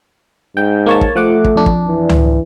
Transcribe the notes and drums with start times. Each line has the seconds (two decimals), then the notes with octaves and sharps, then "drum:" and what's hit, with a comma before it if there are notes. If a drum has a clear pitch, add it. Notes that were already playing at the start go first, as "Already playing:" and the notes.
0.57 G#2 G5
0.86 A#3 C#5 A5
1.01 drum: kick
1.16 F3 A3 F#5 D6
1.45 drum: kick
1.55 F2 D4
1.66 drum: kick
1.88 E3
2.09 drum: tom C#2